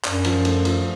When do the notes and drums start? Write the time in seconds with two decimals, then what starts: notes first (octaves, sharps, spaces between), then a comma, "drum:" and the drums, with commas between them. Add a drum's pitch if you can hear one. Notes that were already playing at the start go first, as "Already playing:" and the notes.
0.05 F#2 D4, drum: clap
0.25 F3, drum: cymbal
0.45 A3, drum: cymbal
0.65 F3, drum: cymbal